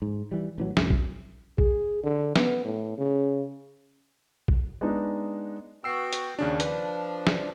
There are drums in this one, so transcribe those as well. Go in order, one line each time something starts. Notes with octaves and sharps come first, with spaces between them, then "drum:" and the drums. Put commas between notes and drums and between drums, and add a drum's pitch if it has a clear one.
G#2
E3 G3
A1 E3 F#3
F1 C2 F#2, drum: snare
drum: kick A#1
G#4, drum: kick A#1
D3
B3, drum: snare
A2
C#3
drum: kick A#1
G#3 B3 D4 D#4
B3 F#4 G5 E6 C7
drum: hi-hat
D#2 C#3 C#4 D4
F3 D4 B4, drum: hi-hat
drum: snare